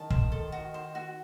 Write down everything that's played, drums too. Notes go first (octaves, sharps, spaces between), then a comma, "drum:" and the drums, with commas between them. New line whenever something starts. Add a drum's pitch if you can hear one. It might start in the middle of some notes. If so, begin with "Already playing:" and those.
Already playing: D#3 A5
C5, drum: kick
A4
F#4
C5
F#4